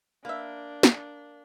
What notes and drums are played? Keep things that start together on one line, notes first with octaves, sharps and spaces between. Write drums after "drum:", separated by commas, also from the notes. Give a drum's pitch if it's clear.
A#3 D4 B4 E5
drum: snare